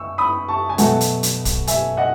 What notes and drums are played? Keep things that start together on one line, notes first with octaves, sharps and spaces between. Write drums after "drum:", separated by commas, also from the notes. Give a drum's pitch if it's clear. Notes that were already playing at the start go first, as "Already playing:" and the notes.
Already playing: C#6 E6
B5 D#6
A5 C#6
G#5
B2 F#3 A3 F#5 A5, drum: hi-hat
drum: hi-hat
drum: hi-hat
drum: kick, hi-hat
E5 G#5, drum: hi-hat
D#5 F#5